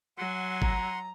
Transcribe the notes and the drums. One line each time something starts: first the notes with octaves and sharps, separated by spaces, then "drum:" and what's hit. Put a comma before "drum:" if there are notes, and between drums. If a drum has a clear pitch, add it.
F#3 F#5 G#5 C6
A#5, drum: kick